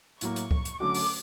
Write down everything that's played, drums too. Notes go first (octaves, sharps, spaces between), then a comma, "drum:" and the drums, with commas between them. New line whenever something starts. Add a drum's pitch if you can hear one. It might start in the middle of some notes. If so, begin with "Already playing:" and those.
A2 F#3 A#3 C#6, drum: hi-hat
drum: hi-hat
drum: kick C#2
drum: hi-hat
D3 F#3 A3 C#4 F#4 D6
drum: open hi-hat